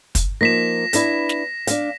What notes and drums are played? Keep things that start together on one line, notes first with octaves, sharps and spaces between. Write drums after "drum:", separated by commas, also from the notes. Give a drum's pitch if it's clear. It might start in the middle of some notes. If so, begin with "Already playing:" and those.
drum: kick, hi-hat
F3 A#3 D#4 A#6 B6 E7
B3 D4 E4, drum: hi-hat
drum: snare
D4 F5, drum: hi-hat